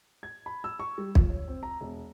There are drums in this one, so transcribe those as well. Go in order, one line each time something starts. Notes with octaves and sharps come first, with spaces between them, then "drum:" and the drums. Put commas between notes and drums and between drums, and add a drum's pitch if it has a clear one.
G#6
B5
E6
C#6
G3
F4, drum: kick B1
C#5
C4
A#5
E1